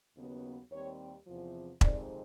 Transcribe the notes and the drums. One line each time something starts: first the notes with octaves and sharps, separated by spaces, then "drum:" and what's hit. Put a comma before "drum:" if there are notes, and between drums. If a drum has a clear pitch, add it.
D#2 C#3 F#3 B3
D#2 D#3 G3 C4 C#5
E2 C3 F3
F2 C3 D#3 G#3 C4 D5, drum: kick E1